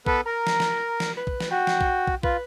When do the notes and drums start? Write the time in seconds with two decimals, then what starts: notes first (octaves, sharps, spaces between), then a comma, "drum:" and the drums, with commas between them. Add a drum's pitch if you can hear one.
0.06 B3 A4 B4, drum: kick
0.26 A#4 A#5
0.47 drum: snare
0.60 drum: snare
1.00 drum: snare
1.17 B4
1.27 drum: kick
1.40 drum: snare
1.51 F#4 G5
1.67 drum: snare
1.81 drum: kick
2.07 drum: kick
2.23 F4 B4, drum: kick